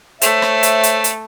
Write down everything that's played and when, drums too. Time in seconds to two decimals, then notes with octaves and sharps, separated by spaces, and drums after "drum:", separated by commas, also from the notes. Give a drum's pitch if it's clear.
0.22 A3 C5 C#5 E5, drum: hi-hat
0.42 drum: rim click
0.63 drum: hi-hat
0.83 drum: hi-hat
1.04 drum: hi-hat